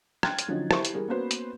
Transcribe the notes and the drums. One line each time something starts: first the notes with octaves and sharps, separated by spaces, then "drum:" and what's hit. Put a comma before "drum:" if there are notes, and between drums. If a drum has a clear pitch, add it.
G5 C6 F6 F#6 G#6 A6, drum: rim click
drum: hi-hat
D3 F3 F#3 C#4 D#4
E4 G4 C5 E5 C#6, drum: rim click
drum: hi-hat
E3 G3 G#4 A#4
A#3 B3 C#4 F#4 B4 C5
drum: hi-hat